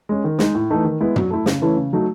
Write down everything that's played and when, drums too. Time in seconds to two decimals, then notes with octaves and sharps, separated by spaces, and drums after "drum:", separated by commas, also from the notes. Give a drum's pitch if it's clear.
0.09 G#3 C#4
0.24 D#3
0.39 G#3 D#4, drum: snare
0.55 A2
0.70 E3 A3 D#4
0.85 D#3
1.00 G#3 B3 E4
1.16 F#3, drum: tom
1.31 A3 E4
1.46 C#3, drum: snare
1.61 E3 A3 C#4 E4
1.77 C#3
1.93 F#3 A3 D#4